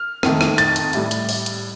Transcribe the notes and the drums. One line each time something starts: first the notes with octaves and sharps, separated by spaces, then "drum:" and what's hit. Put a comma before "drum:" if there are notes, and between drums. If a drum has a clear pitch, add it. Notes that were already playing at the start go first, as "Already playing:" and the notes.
Already playing: F6
F2 D#3 A3, drum: rim click
drum: rim click
A6, drum: hi-hat
drum: hi-hat
A2 G3, drum: hi-hat
drum: hi-hat
drum: open hi-hat
drum: hi-hat